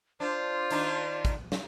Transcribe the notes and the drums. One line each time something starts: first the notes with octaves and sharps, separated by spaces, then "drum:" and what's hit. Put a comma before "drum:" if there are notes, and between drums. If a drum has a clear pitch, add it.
D4 F4 C5
D#3 D4 D#4, drum: hi-hat
drum: kick, hi-hat
drum: snare